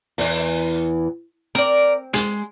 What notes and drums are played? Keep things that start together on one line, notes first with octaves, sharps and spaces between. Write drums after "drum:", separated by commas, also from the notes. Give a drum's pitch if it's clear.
E2 E3, drum: open hi-hat
C4 A#4 D5
G#3, drum: hi-hat